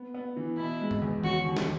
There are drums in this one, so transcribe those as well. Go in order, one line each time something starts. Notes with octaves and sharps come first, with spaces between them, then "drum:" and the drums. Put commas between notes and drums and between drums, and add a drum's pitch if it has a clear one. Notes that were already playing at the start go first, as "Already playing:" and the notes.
Already playing: B3
B3
E3
B2 E4
G#3
drum: tom G#2
E2
C#3 F#4, drum: tom D#3
D#2
drum: snare